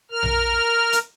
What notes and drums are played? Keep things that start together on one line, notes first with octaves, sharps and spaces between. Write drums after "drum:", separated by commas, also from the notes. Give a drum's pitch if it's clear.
A#4 F6
drum: tom A#1
drum: hi-hat